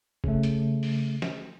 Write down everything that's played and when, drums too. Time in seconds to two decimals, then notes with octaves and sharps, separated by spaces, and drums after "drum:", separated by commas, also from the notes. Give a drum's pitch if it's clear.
0.24 C#3 A3, drum: kick
0.43 drum: hi-hat
0.83 drum: open hi-hat
1.22 drum: snare